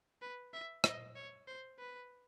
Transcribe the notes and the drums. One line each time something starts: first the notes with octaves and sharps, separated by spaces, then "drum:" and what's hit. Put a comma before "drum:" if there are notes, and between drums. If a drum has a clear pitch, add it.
B4
E5
D#5, drum: rim click
C#5
C5
B4